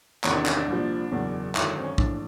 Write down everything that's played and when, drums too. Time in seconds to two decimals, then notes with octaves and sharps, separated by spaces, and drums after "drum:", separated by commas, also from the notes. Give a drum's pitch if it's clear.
0.24 E2 C3 D#3 C#4, drum: clap
0.35 D4
0.46 C#4, drum: clap
0.57 D4
0.68 C2 A#2 F3
1.12 F#1 E2 B2
1.55 G#1 F#2 D3 E4, drum: clap
1.77 C4
1.84 C#4
1.98 A#1 A2 E3 D4, drum: kick A#1